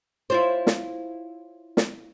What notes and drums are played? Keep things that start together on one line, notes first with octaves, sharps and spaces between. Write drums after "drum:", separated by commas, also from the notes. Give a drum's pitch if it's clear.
E4 F4 C5
drum: snare
drum: snare